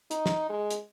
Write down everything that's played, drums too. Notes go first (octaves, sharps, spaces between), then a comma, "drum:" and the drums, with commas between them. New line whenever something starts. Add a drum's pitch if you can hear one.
D#4, drum: hi-hat
drum: snare
G#3
drum: hi-hat